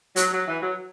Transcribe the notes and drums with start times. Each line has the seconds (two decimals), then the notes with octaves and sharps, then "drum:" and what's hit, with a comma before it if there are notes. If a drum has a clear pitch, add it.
0.16 F#3, drum: hi-hat
0.32 F#3
0.48 E3
0.62 F#3